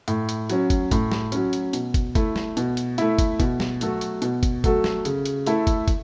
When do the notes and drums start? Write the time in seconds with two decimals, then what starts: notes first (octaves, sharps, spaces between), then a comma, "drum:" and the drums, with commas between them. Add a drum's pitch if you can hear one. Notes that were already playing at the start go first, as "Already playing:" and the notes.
0.08 A2, drum: hi-hat
0.29 drum: hi-hat
0.50 F#3 C#4, drum: hi-hat
0.70 drum: kick, hi-hat
0.91 A2, drum: kick, hi-hat
1.12 drum: snare
1.32 F#3 C#4, drum: hi-hat
1.53 drum: hi-hat
1.73 B2, drum: hi-hat
1.94 drum: kick, hi-hat
2.15 A3 E4, drum: kick, hi-hat
2.36 drum: snare
2.57 B2, drum: hi-hat
2.77 drum: hi-hat
2.98 A3 E4, drum: hi-hat
3.19 drum: kick, hi-hat
3.40 B2, drum: kick, hi-hat
3.60 drum: snare
3.81 F#3 A3 F#4 A4, drum: hi-hat
4.01 drum: hi-hat
4.22 B2, drum: hi-hat
4.43 drum: kick, hi-hat
4.64 F#3 A3 F#4 A4, drum: kick, hi-hat
4.84 drum: snare
5.05 C#3, drum: hi-hat
5.25 drum: hi-hat
5.46 A3 E4 A4, drum: hi-hat
5.67 drum: kick, hi-hat
5.88 drum: kick, hi-hat